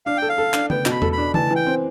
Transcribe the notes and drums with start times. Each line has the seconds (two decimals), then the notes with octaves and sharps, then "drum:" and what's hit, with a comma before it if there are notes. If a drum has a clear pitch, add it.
0.06 D4 F5
0.17 A4 G5
0.29 F5
0.38 A4
0.54 D4, drum: clap
0.70 B3 G5, drum: tom C#3
0.86 B2, drum: clap
0.92 B5
1.02 A4, drum: tom E2
1.13 B5
1.18 D4
1.34 E3 A5, drum: tom C#3
1.51 E3 G5
1.67 C4